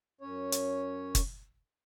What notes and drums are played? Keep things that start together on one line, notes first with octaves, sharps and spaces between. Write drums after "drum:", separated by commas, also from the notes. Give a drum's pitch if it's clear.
F#2 C#4 C#5
drum: hi-hat
drum: kick, hi-hat